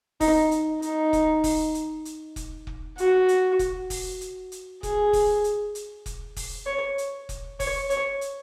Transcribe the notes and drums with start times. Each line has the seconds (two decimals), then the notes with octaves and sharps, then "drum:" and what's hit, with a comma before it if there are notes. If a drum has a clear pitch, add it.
0.21 D#4, drum: kick, open hi-hat
0.51 drum: hi-hat
0.82 D#4, drum: hi-hat
1.13 drum: kick, hi-hat
1.44 drum: kick, open hi-hat
1.74 drum: hi-hat
2.05 drum: hi-hat
2.36 drum: kick, hi-hat
2.67 drum: kick
2.98 F#4, drum: hi-hat
3.28 drum: hi-hat
3.59 drum: kick, hi-hat
3.90 drum: kick, open hi-hat
4.21 drum: hi-hat
4.52 drum: hi-hat
4.83 G#4, drum: kick, hi-hat
5.13 drum: kick, open hi-hat
5.44 drum: hi-hat
5.75 drum: hi-hat
6.06 drum: kick, hi-hat
6.36 drum: kick, open hi-hat
6.67 C#5
6.98 drum: hi-hat
7.29 drum: kick, hi-hat
7.60 C#5, drum: kick, open hi-hat
7.90 C#5, drum: hi-hat
8.21 drum: hi-hat